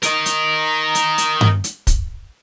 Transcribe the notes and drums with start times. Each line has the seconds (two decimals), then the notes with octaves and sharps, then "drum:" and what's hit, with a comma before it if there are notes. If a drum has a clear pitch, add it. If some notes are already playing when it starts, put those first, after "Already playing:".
0.03 A#4 D#5, drum: hi-hat
0.26 drum: hi-hat
0.95 drum: hi-hat
1.18 drum: hi-hat
1.41 drum: tom G2
1.64 drum: hi-hat
1.87 drum: kick, hi-hat